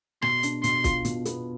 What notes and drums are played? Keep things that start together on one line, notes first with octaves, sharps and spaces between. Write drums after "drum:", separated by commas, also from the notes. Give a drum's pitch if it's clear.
B2 C6, drum: rim click
D4, drum: hi-hat
B2 C6, drum: hi-hat
F4, drum: kick, hi-hat
B2, drum: hi-hat
B3, drum: hi-hat